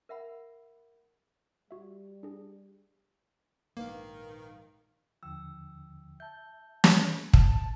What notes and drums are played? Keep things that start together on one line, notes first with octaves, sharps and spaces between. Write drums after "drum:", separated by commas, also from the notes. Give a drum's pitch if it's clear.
A#4 E5 F#5 B5
G3 F#4 E5
D4 G#4
A#1 G#2 D#3 A#3 A#4 B4 F5
D#2 D3 F3 G5 E6
E5 A5 G6
drum: snare
A5, drum: kick